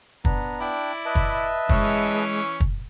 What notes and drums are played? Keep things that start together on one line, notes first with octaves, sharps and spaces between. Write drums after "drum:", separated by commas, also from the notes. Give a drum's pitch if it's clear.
B3 D4 A#5, drum: kick
D4 E4 D5 G5
B4 D#5 E5 A5
drum: kick
E3 G#3 C#4 C#5, drum: kick
drum: kick